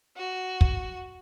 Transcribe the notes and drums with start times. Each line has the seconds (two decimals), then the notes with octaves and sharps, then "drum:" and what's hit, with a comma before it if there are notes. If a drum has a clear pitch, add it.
0.17 F#4
0.61 drum: kick